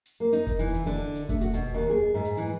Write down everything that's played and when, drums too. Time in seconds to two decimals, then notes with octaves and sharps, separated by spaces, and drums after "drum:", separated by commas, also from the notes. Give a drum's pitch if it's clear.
0.06 drum: hi-hat
0.20 A#3
0.33 D#4, drum: hi-hat
0.47 drum: kick E1, hi-hat
0.59 E3, drum: hi-hat
0.74 drum: hi-hat
0.86 D3, drum: hi-hat
1.15 drum: hi-hat
1.29 A3, drum: kick E1, hi-hat
1.41 F#4, drum: hi-hat
1.54 B2, drum: hi-hat
1.74 D#2
1.90 G#4
2.14 G#2
2.25 drum: hi-hat
2.37 E3, drum: hi-hat